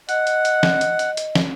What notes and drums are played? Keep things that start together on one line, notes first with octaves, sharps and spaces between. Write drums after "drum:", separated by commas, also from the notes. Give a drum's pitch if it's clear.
D#5 F#5, drum: hi-hat
drum: hi-hat
drum: hi-hat
drum: snare
drum: hi-hat
drum: hi-hat
drum: hi-hat
drum: snare